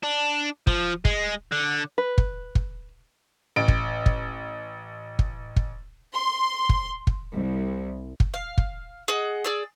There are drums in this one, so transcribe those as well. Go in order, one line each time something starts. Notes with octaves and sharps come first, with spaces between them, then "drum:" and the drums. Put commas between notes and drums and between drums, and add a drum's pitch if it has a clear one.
D4
F3, drum: kick
G#3, drum: kick
D3
B4
drum: kick
drum: kick
A1 D7
drum: kick
drum: kick
drum: kick
drum: kick
C6
drum: kick
drum: kick
C2
drum: kick
F5
drum: kick
G#4 D#5 F#5
G#4 D5 E6